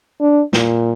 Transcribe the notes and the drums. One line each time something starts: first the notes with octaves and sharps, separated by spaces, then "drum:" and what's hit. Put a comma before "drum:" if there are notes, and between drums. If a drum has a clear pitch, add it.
D4
A#2, drum: snare